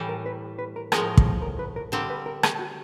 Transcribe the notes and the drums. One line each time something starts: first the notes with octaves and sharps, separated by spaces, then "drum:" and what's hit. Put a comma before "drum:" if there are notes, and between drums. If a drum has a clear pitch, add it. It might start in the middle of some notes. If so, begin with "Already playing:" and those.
Already playing: A2 E3 G3
A#4
B4
B4
A#4
A2 F3 G#3 A#4, drum: rim click
drum: kick
A#4
B4
A#4
D3 G3 C4 A#4
B4
A#4
G#4, drum: rim click
F#4